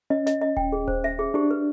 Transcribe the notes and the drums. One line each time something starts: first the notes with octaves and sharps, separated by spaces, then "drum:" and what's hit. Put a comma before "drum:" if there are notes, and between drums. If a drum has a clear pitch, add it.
C#4 D#5
D#5, drum: snare
D#5
G5, drum: kick D#1
G#4
C5, drum: kick D#1
E5
G#4
D4 G4
B4